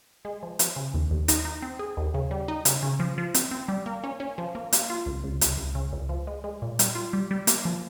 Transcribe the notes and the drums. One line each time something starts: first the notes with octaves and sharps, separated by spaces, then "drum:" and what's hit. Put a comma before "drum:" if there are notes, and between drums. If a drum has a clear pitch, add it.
G#3
F3
F3, drum: hi-hat
C#3
D#2
D#2
D#4, drum: hi-hat
D#4
C4
G#4
D#2
C#3
G3
D#4
C#3, drum: hi-hat
C#3
F3
F3
C4, drum: hi-hat
C4
G3
A#3
C#4
C#4
F3
A#3
A#3, drum: hi-hat
F4
C#2
C#2
C#2, drum: hi-hat
C#2
C#3
C#2
F3
G#3
G#3
A#2
G3, drum: hi-hat
F4
G3
G3
A#3, drum: hi-hat
F3